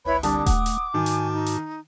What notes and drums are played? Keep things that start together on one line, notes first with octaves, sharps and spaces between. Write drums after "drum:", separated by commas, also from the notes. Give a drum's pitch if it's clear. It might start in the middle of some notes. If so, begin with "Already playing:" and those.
G1 C#2 E4 B4 C#5 B5
C2 D3 A5 D6 D#6, drum: hi-hat
A3 F#5, drum: kick D#1, hi-hat
drum: hi-hat
G#2 D#3 F#4 G#5 A5
drum: hi-hat
D#4
drum: hi-hat